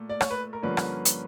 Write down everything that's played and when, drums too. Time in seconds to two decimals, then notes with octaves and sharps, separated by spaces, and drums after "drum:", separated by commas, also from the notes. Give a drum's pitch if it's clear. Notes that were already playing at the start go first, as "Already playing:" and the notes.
Already playing: A#2 A3
0.09 D5
0.21 C#5, drum: rim click
0.31 B4
0.53 A#4
0.63 G2 D3 F3 A#3 C#4 B4
0.77 drum: rim click
1.05 drum: hi-hat